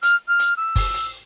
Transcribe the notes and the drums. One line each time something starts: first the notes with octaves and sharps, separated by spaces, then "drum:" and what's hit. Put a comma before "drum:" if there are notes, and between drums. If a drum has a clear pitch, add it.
F6, drum: hi-hat
F6
drum: hi-hat
E6
drum: kick F#1, open hi-hat
drum: hi-hat